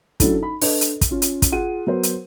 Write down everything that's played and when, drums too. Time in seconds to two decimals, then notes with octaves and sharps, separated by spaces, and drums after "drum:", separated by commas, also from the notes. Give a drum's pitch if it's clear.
0.20 F#3 C#4 D4 E4 A4, drum: kick, hi-hat
0.39 D#4 B5
0.62 D4 A4 B4 D#5, drum: open hi-hat
0.81 drum: hi-hat
1.01 drum: kick, hi-hat
1.11 C#4 F4
1.22 drum: hi-hat
1.42 drum: kick, hi-hat
1.52 F4 G#4 F#5 D#7
1.87 F#3 B3 A#4 C5
2.03 drum: hi-hat